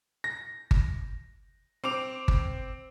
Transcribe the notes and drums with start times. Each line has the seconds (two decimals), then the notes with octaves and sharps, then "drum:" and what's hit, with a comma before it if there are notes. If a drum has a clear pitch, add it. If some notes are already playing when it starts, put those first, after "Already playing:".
0.24 A#6
0.71 drum: kick G1
1.84 C4 D6 F7
2.28 drum: kick G1